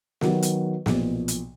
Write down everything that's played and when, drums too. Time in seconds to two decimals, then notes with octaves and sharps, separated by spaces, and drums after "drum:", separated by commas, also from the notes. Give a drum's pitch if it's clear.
0.21 D#3 F#3 B3 F#4 B4, drum: snare
0.42 drum: hi-hat
0.86 B1 A#2 F3, drum: snare
1.28 drum: hi-hat